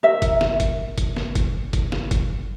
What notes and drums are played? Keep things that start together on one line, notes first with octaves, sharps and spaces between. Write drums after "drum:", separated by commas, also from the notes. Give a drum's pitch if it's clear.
A#4 E5
drum: kick G1, hi-hat
drum: snare
drum: kick G1, hi-hat
drum: kick G1, hi-hat
drum: snare
drum: kick G1, hi-hat
drum: kick G1, hi-hat
drum: snare
drum: kick G1, hi-hat